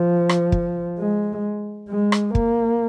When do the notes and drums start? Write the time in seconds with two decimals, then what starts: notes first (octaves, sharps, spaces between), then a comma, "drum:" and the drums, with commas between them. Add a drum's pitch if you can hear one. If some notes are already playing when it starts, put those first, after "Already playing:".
Already playing: F3
0.29 drum: rim click
0.52 drum: kick
0.99 G#3
1.89 G#3
2.12 drum: rim click
2.35 A#3, drum: kick